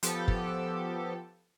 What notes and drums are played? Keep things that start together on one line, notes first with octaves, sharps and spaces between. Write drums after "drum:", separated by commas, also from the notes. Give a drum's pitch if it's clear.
F3 B3 G4 A4, drum: hi-hat
drum: kick